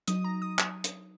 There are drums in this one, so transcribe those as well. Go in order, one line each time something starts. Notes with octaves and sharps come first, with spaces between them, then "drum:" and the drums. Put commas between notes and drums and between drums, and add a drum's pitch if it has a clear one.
F#3 D#4 D#6, drum: hi-hat
A#5
D#6
drum: clap
drum: hi-hat